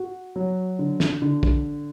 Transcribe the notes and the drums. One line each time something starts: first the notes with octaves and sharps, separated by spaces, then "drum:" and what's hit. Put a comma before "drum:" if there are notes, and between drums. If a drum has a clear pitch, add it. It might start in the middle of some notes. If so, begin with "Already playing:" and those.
Already playing: F#4
F#3
D3
drum: snare
D3
drum: kick